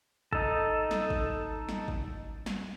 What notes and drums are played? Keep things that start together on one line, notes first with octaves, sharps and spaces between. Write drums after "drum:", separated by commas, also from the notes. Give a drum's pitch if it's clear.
D#4 A4, drum: kick
drum: snare
drum: kick
drum: snare
drum: kick
drum: snare